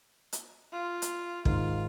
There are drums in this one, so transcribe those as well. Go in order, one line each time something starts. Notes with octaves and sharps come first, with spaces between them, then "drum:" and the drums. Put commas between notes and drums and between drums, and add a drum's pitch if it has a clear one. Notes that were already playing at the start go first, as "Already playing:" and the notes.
drum: hi-hat
F4
drum: hi-hat
G#2 D#3 F4, drum: kick